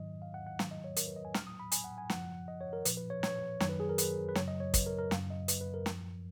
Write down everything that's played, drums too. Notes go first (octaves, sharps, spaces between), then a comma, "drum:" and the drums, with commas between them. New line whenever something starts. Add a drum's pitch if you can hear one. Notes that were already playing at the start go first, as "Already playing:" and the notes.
Already playing: G#2 D#3 F#3 D#5
F5
F#5
F#5
G#2 D#3 F#3 F5, drum: snare
D#5
C#5
A#4, drum: hi-hat
B4
D#5
G#5
A#2 F#3 F6, drum: snare
D#6
B5
G#5, drum: hi-hat
F#5
G#5
F#2 C#3 F3 F#5, drum: snare
D#5
C#5
A#4
A#2 F3 B4, drum: hi-hat
B4
C#5
C#5, drum: snare
F#2 D#3 F#3 C#5, drum: snare
B4
G#4
A#4
B4, drum: hi-hat
B4
F#2 C#3 F#3 C#5, drum: snare
D#5
C#5
B4, drum: kick, hi-hat
A#4
A#4
F#2 C#3 F#3 F5, drum: snare
D#5
B4, drum: hi-hat
B4
A#4
F#2 F3, drum: snare